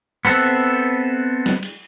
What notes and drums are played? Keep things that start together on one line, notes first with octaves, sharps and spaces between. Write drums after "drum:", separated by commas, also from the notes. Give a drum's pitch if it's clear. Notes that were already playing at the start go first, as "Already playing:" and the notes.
B3 C4 A4 B4 E5, drum: tambourine
drum: snare
drum: cymbal